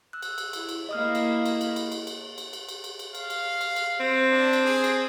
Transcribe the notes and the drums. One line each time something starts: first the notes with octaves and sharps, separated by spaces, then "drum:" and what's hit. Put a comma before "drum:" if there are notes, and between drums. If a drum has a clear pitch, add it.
E6 F#6
drum: cymbal
drum: cymbal
E4, drum: cymbal
drum: cymbal
A#3 E4 D#5 D#6 F6
drum: cymbal
drum: cymbal
drum: cymbal
drum: cymbal
drum: cymbal
drum: cymbal
drum: cymbal
drum: cymbal
drum: cymbal
drum: cymbal
drum: cymbal
F5, drum: cymbal
drum: cymbal
drum: cymbal
drum: cymbal
C4
D4
drum: cymbal
G#4
drum: cymbal